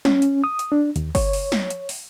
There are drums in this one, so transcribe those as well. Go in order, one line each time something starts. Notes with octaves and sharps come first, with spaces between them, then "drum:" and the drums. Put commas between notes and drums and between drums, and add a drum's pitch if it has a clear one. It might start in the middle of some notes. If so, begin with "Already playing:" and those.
C#4, drum: snare
drum: hi-hat
D#6
drum: hi-hat
D4
D#2, drum: hi-hat
C#5, drum: kick G1, open hi-hat
drum: open hi-hat
drum: snare
drum: hi-hat
drum: open hi-hat